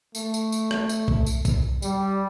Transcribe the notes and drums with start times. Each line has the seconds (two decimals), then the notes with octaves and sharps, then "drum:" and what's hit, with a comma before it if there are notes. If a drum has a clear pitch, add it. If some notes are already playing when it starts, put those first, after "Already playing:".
0.15 A3, drum: tambourine
0.34 drum: tambourine
0.52 drum: tambourine
0.71 drum: rim click
0.89 drum: tambourine
1.08 drum: kick
1.26 drum: tambourine
1.45 drum: kick, tambourine
1.82 G3, drum: tambourine